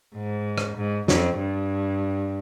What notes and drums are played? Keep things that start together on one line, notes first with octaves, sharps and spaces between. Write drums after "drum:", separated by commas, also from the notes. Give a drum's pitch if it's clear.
G#2
drum: rim click
G#2
F2, drum: snare
G2